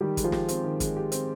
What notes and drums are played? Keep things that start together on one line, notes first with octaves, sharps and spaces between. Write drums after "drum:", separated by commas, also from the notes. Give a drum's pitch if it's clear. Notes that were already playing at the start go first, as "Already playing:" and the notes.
D#3 G3 G4
G#3, drum: kick, hi-hat
F3 F4
G4, drum: snare
C4, drum: hi-hat
D#3
G#3, drum: kick, hi-hat
G4
C4, drum: hi-hat